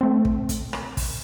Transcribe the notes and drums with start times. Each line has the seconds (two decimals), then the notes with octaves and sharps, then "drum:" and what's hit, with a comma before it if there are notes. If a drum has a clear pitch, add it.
0.01 A3 C4
0.25 drum: kick
0.49 drum: kick, hi-hat
0.73 drum: rim click
0.97 drum: kick, open hi-hat